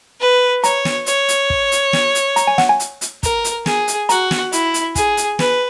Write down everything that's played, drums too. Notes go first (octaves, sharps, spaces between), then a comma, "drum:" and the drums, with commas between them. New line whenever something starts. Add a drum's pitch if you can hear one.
B4
C#5 A#5, drum: hi-hat
drum: snare
C#5, drum: hi-hat
drum: hi-hat
drum: kick
drum: hi-hat
drum: snare
drum: hi-hat
A#5, drum: hi-hat
G#5
F#5, drum: snare
G#5
drum: hi-hat
drum: hi-hat
A#4, drum: kick, hi-hat
drum: hi-hat
G#4, drum: snare
drum: hi-hat
F#4 A#5, drum: hi-hat
drum: snare
E4, drum: hi-hat
drum: hi-hat
G#4, drum: kick, hi-hat
drum: hi-hat
B4, drum: snare